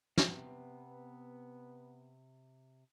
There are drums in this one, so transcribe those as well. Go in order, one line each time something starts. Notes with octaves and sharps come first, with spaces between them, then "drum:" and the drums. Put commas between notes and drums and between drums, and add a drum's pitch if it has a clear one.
C3 B3, drum: snare